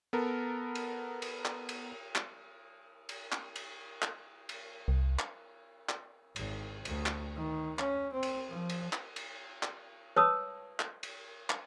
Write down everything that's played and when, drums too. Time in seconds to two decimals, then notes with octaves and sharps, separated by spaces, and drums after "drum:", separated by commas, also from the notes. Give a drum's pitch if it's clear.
0.13 B3 A4 A#4
0.75 drum: cymbal
1.22 drum: cymbal
1.45 drum: clap
1.69 drum: cymbal
2.15 drum: clap
3.09 drum: cymbal
3.32 drum: clap
3.56 drum: cymbal
4.02 drum: clap
4.49 drum: cymbal
4.88 C2
5.19 drum: clap
5.89 drum: clap
6.36 G#1, drum: cymbal
6.85 D2, drum: cymbal
7.06 drum: clap
7.36 D#3
7.79 C#4, drum: clap
8.13 C4
8.23 drum: cymbal
8.50 F3
8.69 drum: cymbal
8.93 drum: clap
9.16 drum: cymbal
9.63 drum: clap
10.16 B4 C#5 A5 D#6 E6
10.80 drum: clap
11.03 drum: cymbal
11.50 drum: clap